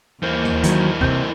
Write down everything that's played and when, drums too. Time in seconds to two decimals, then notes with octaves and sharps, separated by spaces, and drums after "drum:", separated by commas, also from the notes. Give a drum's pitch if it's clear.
0.23 D#2 E3 A#3 C5
0.45 drum: tom D#2
0.64 D#3 F#3, drum: hi-hat
1.01 C3 C4, drum: kick